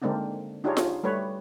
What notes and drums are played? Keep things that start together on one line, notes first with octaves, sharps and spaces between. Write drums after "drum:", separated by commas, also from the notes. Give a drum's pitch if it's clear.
D3 G#3 A#3 C4 D4 D#4
D4 D#4 F4 G4 G#4 C#5
drum: snare F4
G3 A3 B4 C#5